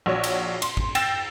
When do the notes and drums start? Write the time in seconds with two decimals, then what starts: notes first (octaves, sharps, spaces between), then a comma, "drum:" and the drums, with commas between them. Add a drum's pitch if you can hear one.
0.06 A#1 F#4 C#5
0.24 drum: cymbal
0.62 C6, drum: cymbal
0.77 drum: kick
0.95 G5 E6 A6 A#6 C7 E7, drum: cymbal